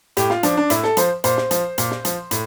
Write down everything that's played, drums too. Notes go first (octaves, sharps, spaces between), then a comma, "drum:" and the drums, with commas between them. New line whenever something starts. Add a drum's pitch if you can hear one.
A2 G4, drum: hi-hat
F4, drum: snare
F3 D4, drum: hi-hat
D4
A2 E4, drum: hi-hat
A4, drum: snare
F3 C5, drum: hi-hat
A#2 C5, drum: hi-hat
drum: snare
F3, drum: hi-hat
A#2, drum: hi-hat
drum: snare
F3, drum: hi-hat
A2, drum: hi-hat